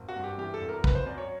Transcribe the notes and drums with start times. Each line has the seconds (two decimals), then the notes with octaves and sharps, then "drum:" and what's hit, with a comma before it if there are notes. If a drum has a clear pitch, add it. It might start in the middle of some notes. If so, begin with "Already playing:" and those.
Already playing: G#1
0.09 F#4
0.16 G2
0.24 G4
0.38 E3 G4
0.54 A4
0.61 G#1
0.69 A#4
0.84 G#1 B4, drum: kick
0.95 C5
1.06 F#2 D5
1.18 C#5